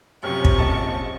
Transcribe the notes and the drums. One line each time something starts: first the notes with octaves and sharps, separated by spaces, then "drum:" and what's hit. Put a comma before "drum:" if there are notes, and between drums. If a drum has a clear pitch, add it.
F#2 C3 F3 C#4 G4 C#6 F6
drum: kick
A#1 D#5 A5